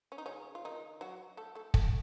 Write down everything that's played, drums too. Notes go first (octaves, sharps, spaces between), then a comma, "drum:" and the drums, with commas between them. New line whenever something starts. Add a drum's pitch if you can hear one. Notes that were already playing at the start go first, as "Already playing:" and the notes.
C#4
D#4
C#3 C#4
F4
D#3 D#4
F#3 F#4
A3 A4
A3 A4
A3 A4, drum: kick